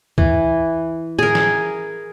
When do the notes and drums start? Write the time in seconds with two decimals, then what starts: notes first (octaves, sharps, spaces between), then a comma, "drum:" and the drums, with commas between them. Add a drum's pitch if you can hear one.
0.18 E3, drum: kick C#2
1.19 G#4 A#4, drum: tom A2
1.35 drum: snare